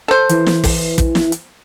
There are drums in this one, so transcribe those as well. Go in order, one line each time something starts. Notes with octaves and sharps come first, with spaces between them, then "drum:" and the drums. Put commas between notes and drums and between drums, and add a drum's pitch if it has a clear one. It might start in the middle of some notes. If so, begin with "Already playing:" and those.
A4 C5
E3, drum: hi-hat
drum: snare
drum: kick, open hi-hat
drum: kick, hi-hat
drum: snare
drum: hi-hat